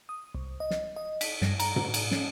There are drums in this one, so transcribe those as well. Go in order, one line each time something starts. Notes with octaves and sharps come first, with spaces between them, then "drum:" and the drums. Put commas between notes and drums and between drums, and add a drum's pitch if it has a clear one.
D#6
C2
D#5
drum: snare
D#5
B6, drum: cymbal
G2, drum: snare
A#5, drum: cymbal
drum: tom
drum: cymbal
C#4, drum: snare